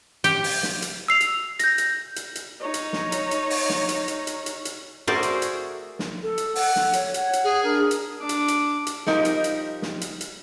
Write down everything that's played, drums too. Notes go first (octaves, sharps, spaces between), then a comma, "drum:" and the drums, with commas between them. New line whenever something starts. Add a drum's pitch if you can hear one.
G4, drum: hi-hat
drum: open hi-hat
drum: snare
drum: hi-hat
E6 C7 F7
drum: hi-hat
G6 A#6, drum: hi-hat
drum: hi-hat
drum: hi-hat
drum: hi-hat
D#4 C#5
drum: hi-hat
drum: snare
drum: hi-hat
drum: hi-hat
drum: open hi-hat
drum: snare
drum: hi-hat
drum: hi-hat
drum: hi-hat
drum: hi-hat
drum: hi-hat
A3 F#4 G#4 A#4 C5 D5
drum: hi-hat
drum: hi-hat
drum: snare
A4
drum: hi-hat
F#5, drum: open hi-hat
drum: snare
C#5, drum: hi-hat
F#5, drum: hi-hat
drum: hi-hat
G#4
D4 A#4
drum: hi-hat
D4 D6
drum: hi-hat
drum: hi-hat
drum: hi-hat
F3 G3 D#4 A#4, drum: snare
drum: hi-hat
drum: hi-hat
drum: snare
drum: hi-hat
drum: hi-hat